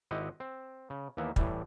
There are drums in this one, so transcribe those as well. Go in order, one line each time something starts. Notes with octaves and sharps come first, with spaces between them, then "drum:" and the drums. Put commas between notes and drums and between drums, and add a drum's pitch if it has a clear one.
G#1 C4 E4 G4 D#5 F#5
C4
C#3
D#2 E3 A#3 B3 E5
A2 E3 G3, drum: kick